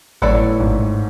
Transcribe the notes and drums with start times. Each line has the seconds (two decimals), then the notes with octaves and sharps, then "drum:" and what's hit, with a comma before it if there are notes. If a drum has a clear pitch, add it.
0.22 A2 F#3 B3 E4 A4 D5, drum: kick G#1
0.60 G#2, drum: kick G#1